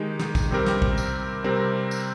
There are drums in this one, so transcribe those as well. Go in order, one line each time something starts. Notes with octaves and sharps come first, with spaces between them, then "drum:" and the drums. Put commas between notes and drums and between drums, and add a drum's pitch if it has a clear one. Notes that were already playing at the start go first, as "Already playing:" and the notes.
Already playing: D#3 G#3 D#4 G4
drum: snare
drum: kick, tambourine
C3 G3 C4 G4 A#4
drum: snare
drum: kick
drum: tambourine
C3 G3 C4 G4 A#4
drum: tambourine